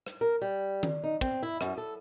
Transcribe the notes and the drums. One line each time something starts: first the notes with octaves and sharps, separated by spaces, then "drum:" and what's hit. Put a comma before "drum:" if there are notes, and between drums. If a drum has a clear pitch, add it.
drum: rim click
A#4
G3
drum: tom D#3
D#4
C4, drum: kick, hi-hat
E4
F#2, drum: rim click
A4